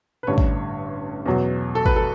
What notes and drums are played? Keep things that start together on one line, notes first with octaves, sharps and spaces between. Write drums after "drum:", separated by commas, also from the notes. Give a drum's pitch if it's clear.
B4
A1 G2 D3 G3 C#5
drum: kick G#1
E2 B2 F#3
A4
B4, drum: kick G#1
A4